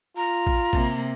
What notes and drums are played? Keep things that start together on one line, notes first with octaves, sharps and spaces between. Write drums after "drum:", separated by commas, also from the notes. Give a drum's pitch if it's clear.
F4 A#5
drum: kick
C3 A#3, drum: kick